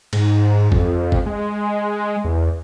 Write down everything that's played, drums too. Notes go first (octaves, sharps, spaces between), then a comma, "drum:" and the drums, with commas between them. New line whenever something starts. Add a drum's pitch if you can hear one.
G#2, drum: cymbal
F2, drum: kick F#1
drum: kick F#1
G#3
E2